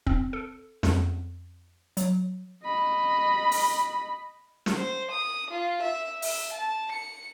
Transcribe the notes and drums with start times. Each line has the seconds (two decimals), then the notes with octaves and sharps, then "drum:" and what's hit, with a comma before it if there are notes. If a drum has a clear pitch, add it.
0.06 C4, drum: kick
0.33 A4
0.83 F2, drum: snare
1.97 F#3, drum: hi-hat
2.64 D#5 B5
3.51 drum: open hi-hat
4.66 drum: snare
4.77 C5
5.11 D#6
5.51 F4
5.82 E5
6.22 E5, drum: open hi-hat
6.53 A5
6.92 C#7